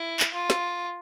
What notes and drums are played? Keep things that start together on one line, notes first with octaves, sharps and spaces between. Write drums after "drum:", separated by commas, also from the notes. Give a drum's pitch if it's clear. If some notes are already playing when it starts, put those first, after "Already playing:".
Already playing: E4
drum: clap
F4
drum: snare